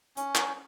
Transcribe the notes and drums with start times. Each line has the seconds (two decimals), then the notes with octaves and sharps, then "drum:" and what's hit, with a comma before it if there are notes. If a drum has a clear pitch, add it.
0.17 C#4, drum: hi-hat
0.35 drum: clap